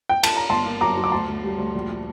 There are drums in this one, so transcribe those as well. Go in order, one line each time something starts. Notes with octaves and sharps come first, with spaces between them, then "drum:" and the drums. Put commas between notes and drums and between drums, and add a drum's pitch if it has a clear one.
G5
A5, drum: cymbal
A#5
G1 A5 C6
A#3
F#2 A#5 D6
F#3
D6
D2 A5 C6
D2
G3
D2
A#1